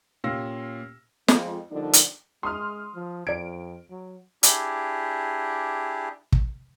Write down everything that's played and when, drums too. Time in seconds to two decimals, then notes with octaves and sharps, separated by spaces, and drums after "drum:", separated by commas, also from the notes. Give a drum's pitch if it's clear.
0.24 A#2 C#4 G4 F5 E6 A#6
1.28 F2 G#3 F4, drum: snare
1.71 D3 F3 G3 A#3 D4 D#4
1.93 drum: hi-hat
2.43 G#3 C6 D#6 F6
2.95 F3
3.27 F2 D5 G#6 D7
3.90 F#3
4.43 D4 E4 G4 G#4, drum: hi-hat
6.32 drum: kick